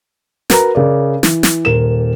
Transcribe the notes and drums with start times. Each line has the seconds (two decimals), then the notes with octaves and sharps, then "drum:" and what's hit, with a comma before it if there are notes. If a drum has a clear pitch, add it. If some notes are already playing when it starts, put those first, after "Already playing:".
0.50 F#4 A#4 B4 A#5, drum: snare
0.75 C#3 A#4 D5
1.23 E3, drum: snare
1.43 drum: snare
1.65 D#1 A#4 E7